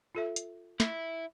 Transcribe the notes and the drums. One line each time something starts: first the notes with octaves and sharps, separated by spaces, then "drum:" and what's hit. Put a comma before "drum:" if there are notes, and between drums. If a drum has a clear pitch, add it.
F4 A4 E5
drum: hi-hat
E4, drum: snare